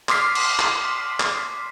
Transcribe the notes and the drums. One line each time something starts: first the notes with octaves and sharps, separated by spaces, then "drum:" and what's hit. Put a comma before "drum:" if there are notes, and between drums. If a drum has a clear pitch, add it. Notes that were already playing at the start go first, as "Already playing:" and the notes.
C6 D6 D#6 F6 B6 C7, drum: clap
drum: cymbal
drum: clap
drum: clap